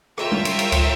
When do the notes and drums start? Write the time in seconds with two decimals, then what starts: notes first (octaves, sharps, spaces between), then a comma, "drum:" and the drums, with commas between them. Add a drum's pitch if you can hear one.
0.18 F4 A#4 C#5 E5 G5, drum: rim click
0.32 drum: tom G3
0.45 drum: cymbal
0.59 drum: cymbal
0.72 drum: kick C#2, cymbal